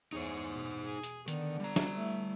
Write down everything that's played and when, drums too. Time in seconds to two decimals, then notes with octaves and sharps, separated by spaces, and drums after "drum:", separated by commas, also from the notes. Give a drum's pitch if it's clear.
0.13 E2 D#4 G#4 C5 C#5
0.51 B2
0.84 G#4
1.03 drum: hi-hat
1.28 D3 D#3 B3 D5, drum: hi-hat
1.60 G3 A#5
1.76 drum: snare
1.95 A3 E4